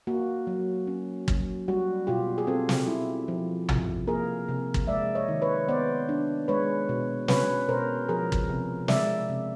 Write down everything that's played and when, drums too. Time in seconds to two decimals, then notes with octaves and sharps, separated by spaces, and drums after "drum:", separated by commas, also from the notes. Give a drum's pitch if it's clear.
0.07 A#3 F#4
0.47 F#3
0.87 C#4
1.28 F#3, drum: kick
1.68 G3 F#4
2.07 B2 F4 G4
2.38 G#4
2.47 C4 G4 A4
2.69 drum: snare
2.88 E4
3.28 F3
3.69 C3, drum: tom
4.07 A#3 G#4 A#4
4.48 C3
4.74 drum: kick
4.87 G#3 D5 E5
5.15 C#5 D#5
5.28 D#3
5.42 B4 C#5
5.68 B3 C5 D5
6.09 D4
6.48 G#3 B4 C#5
6.89 B2
7.28 C#4 B4 C#5, drum: snare
7.69 B2 A#4 C5
8.09 F3 G#4 A#4
8.32 drum: kick
8.49 C3
8.88 G#3 D5 E5, drum: snare
9.29 C3